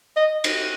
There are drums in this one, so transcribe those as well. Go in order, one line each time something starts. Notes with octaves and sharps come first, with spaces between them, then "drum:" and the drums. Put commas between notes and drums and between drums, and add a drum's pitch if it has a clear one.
D#5
drum: cymbal